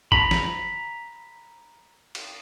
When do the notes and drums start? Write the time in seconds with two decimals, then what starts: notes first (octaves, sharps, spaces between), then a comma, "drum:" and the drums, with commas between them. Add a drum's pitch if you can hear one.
0.12 A#5 B5, drum: kick G#1
0.31 drum: snare
2.15 drum: cymbal